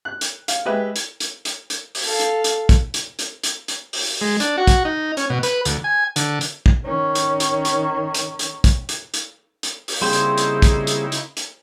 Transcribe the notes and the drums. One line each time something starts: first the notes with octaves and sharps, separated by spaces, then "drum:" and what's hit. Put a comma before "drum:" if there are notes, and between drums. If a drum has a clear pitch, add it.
F#6
drum: hi-hat
F5, drum: hi-hat
G#3 G4 B4 E5
drum: hi-hat
drum: hi-hat
drum: hi-hat
drum: hi-hat
drum: open hi-hat
A4 F5
drum: hi-hat
drum: hi-hat
drum: kick, hi-hat
drum: hi-hat
drum: hi-hat
drum: hi-hat
drum: hi-hat
drum: open hi-hat
G#3
D4, drum: hi-hat
F#4
drum: kick, hi-hat
D#4
C#4, drum: hi-hat
B2
B4, drum: hi-hat
D2, drum: hi-hat
G#5
D3, drum: hi-hat
drum: hi-hat
drum: kick
D#3 C#4
drum: hi-hat
drum: hi-hat
drum: hi-hat
drum: hi-hat
drum: hi-hat
drum: kick, hi-hat
drum: hi-hat
drum: hi-hat
drum: hi-hat
drum: open hi-hat
C#3 G3 A#3 C4 D#4 E4 G#4 C5
drum: hi-hat
drum: hi-hat
drum: kick, hi-hat
drum: hi-hat
drum: hi-hat
drum: hi-hat